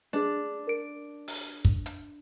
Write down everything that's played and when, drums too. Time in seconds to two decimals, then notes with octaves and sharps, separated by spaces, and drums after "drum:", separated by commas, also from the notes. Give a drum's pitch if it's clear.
0.13 D4 G#4 B4
0.67 A#4 D7
1.28 drum: open hi-hat
1.65 drum: kick
1.86 drum: hi-hat